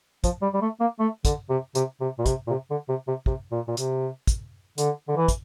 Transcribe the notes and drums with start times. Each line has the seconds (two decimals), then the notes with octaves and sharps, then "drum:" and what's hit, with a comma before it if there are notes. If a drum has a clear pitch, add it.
0.24 F3, drum: kick, hi-hat
0.42 G3
0.54 G3
0.62 A3
0.80 A#3
0.99 A3
1.25 D3, drum: kick, hi-hat
1.49 C3
1.75 C3, drum: hi-hat
2.00 C3
2.19 A#2
2.26 C3, drum: kick, hi-hat
2.47 A#2
2.50 C3
2.70 D3
2.89 C3
3.08 C3
3.26 C3, drum: kick
3.52 A#2
3.68 A#2
3.77 C3, drum: hi-hat
4.27 drum: kick, hi-hat
4.78 D3, drum: hi-hat
5.08 D3
5.16 E3
5.28 drum: kick, hi-hat